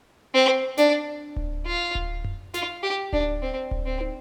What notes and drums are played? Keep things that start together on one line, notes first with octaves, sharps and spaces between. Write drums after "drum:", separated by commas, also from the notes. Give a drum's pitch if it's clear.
C4
D4, drum: snare
drum: kick D1
F4
drum: kick D1
drum: tom F#2
F4, drum: snare
G4
D4, drum: kick D1
C4
drum: kick D1
C4
drum: tom